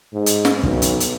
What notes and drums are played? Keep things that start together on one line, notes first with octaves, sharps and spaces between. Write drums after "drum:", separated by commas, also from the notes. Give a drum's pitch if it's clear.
G#2
drum: hi-hat
drum: snare
B1, drum: kick
drum: hi-hat
drum: hi-hat